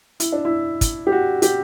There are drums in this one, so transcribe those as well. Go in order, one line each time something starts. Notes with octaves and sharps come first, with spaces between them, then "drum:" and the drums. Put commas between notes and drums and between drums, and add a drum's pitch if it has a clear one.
E4, drum: hi-hat
D4
E4
drum: kick, hi-hat
G4
F#4
G4, drum: hi-hat